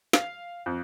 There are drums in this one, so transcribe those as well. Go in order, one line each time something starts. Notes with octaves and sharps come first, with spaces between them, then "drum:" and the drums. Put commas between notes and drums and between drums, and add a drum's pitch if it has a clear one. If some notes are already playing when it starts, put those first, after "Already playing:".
F5, drum: snare
F2